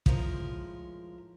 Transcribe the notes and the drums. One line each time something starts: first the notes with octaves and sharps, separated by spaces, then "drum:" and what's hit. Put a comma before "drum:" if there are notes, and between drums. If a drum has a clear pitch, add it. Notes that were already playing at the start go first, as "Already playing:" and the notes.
A2 F3 G#3 A#4, drum: kick